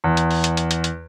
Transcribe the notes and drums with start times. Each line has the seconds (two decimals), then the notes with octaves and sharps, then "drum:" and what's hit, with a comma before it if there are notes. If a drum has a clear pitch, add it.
0.04 E2
0.17 drum: hi-hat
0.31 drum: open hi-hat
0.44 drum: hi-hat
0.57 drum: hi-hat
0.71 drum: hi-hat
0.84 drum: hi-hat